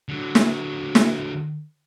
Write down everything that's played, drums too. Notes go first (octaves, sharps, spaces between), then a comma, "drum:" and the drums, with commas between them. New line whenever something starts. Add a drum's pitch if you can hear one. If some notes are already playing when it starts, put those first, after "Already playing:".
D3 F#3
drum: snare
drum: snare